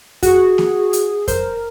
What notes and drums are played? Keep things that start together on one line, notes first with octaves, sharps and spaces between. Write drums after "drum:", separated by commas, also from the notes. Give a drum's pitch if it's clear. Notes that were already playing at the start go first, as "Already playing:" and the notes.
F#4 G#4, drum: kick F2, hi-hat
drum: snare A#3
drum: hi-hat
A#4 C5, drum: kick F2, hi-hat